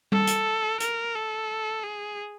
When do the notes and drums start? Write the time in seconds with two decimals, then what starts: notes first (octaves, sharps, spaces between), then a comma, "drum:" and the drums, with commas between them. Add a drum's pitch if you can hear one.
0.12 A4, drum: tom G3
0.27 drum: hi-hat
0.80 A#4, drum: hi-hat
1.15 A4
1.83 G#4